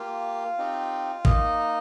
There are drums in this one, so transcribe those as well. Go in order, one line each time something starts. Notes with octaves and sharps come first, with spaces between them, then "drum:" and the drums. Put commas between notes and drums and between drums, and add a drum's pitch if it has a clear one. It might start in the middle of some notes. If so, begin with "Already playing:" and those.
Already playing: A#3 F4 G4 F5
C4 D#4 G4
A#3 D#4 D#5, drum: kick